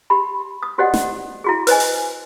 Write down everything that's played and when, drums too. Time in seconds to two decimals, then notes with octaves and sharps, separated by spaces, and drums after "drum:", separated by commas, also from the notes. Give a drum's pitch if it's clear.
0.10 G4 B5
0.63 D#6
0.78 F#4 G4 C5 D5 D#5 F#5
0.94 drum: snare
1.44 E4 F#4 G#4
1.67 B4 C5 D#5 G#5, drum: open hi-hat
1.80 drum: open hi-hat